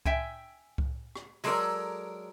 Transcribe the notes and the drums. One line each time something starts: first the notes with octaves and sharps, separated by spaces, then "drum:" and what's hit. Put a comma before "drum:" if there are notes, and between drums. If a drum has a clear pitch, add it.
E5 G5 G#5, drum: kick C2
drum: kick C2
drum: rim click
F#3 G#3 A4 A#4 D5, drum: open hi-hat